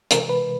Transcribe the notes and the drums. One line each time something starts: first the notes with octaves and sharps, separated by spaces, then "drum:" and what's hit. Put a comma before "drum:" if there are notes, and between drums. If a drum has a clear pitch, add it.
C3 E3 G#3 A#4, drum: hi-hat
B4